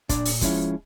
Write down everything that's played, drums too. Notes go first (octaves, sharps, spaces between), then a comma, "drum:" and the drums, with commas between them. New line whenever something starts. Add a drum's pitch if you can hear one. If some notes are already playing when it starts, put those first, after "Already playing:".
A#2 D4 D5, drum: kick, hi-hat
drum: open hi-hat
F3 G#3 C#4 E4, drum: kick, hi-hat